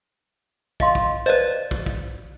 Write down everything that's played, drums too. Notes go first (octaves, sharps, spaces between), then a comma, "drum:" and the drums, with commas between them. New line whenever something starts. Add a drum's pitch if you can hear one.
D#5 F5 C6, drum: kick
drum: kick
B4 C5 D5 D#5
drum: kick
drum: kick